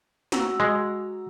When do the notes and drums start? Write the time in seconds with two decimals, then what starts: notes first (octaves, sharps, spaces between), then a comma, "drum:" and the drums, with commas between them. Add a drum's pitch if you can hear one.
0.32 F#4 A#5 E6, drum: snare
0.60 G#3